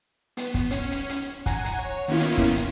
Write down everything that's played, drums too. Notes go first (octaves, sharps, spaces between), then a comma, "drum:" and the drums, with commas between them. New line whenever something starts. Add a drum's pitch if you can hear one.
B3, drum: hi-hat
drum: kick, hi-hat
C#4, drum: hi-hat
drum: hi-hat
drum: hi-hat
F#5 G#5 A#5, drum: kick, hi-hat
drum: hi-hat
C#5
D#3 A#3 B3 C#4 E4 F4
drum: hi-hat
drum: kick, hi-hat
drum: hi-hat